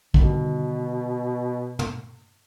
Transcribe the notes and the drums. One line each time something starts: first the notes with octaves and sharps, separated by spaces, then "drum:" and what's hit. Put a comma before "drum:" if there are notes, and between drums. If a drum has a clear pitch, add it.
B2 D3 D#3 G3, drum: kick
drum: tom